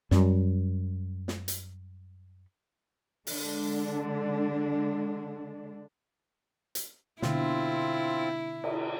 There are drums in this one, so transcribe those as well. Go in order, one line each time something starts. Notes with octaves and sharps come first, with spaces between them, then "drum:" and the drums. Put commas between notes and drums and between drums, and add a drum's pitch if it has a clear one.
F#2 G3, drum: snare
drum: snare
drum: hi-hat
D3 G#3 D4, drum: open hi-hat
drum: hi-hat
B2 D3 C4 E4 F4, drum: snare
drum: cymbal